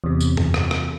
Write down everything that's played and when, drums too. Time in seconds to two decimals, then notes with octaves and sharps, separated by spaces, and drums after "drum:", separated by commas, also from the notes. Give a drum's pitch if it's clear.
0.04 E2 C3
0.21 drum: tambourine
0.37 drum: tom F#2
0.54 drum: rim click
0.71 drum: rim click